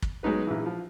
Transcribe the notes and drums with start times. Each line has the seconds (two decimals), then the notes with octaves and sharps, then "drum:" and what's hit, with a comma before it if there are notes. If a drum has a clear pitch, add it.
0.02 drum: kick
0.23 F#3 G#3 B3 D#4 B4
0.47 A#1 E3
0.66 F3